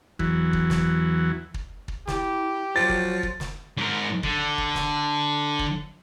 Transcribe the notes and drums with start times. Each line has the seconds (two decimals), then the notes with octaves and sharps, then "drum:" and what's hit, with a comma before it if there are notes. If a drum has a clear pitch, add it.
0.19 E2 E3 F#3, drum: kick
0.53 drum: kick
0.70 drum: snare
1.54 drum: kick
1.88 drum: kick
2.08 E4 G4, drum: snare
2.76 F3 F#3 A6
2.89 drum: kick
3.23 drum: kick
3.40 drum: snare
3.77 G#2 A#4
4.23 D3, drum: kick
4.58 drum: kick
4.75 drum: snare
5.59 drum: kick